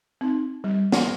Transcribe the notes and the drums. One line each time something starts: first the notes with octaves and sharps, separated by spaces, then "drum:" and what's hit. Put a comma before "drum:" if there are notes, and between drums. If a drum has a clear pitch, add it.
C4 D#4
G3
drum: snare